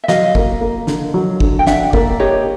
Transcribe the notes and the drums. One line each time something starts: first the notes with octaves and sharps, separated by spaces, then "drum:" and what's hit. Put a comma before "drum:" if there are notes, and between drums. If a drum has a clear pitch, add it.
E5
F#3 D#5 F5, drum: snare
A#3, drum: kick
A#3
D3, drum: snare
F#3
D3, drum: kick
G5
D4 E5 F#5, drum: snare
A#3 D5 E5, drum: kick
G4 C#5 D#5